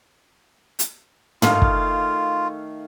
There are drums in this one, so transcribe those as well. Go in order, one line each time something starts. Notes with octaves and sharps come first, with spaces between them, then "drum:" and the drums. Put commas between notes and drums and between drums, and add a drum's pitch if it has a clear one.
drum: hi-hat
D#3 A3 F4 F5, drum: tom
drum: kick